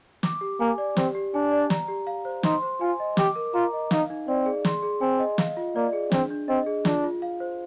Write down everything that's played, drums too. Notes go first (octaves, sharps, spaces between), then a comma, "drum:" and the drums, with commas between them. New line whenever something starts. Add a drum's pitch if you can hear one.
D6, drum: snare
G4
A#3 G#5
D5
C4 G4, drum: snare
G4
D4 G#5
D5
A#5, drum: snare
G4
F5
C5
D#4 C6, drum: snare
C5
F4 G#5
D#5
G4 D6, drum: snare
A#4
F4 A#5
D#5
D#4 F5, drum: snare
D#4
C4 D5
G#4
C6, drum: snare
G#4
C4 G#5
D#5
F5, drum: snare
F4
A#3 D5
G#4
C4 D4, drum: snare
D4
C4 D#5
G#4
D4 F4, drum: snare
F4
F5
C5